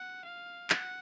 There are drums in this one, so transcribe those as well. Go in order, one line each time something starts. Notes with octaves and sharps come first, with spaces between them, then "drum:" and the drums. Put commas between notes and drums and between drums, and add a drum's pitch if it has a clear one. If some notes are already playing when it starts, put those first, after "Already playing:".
Already playing: F#5
F5
F#5, drum: clap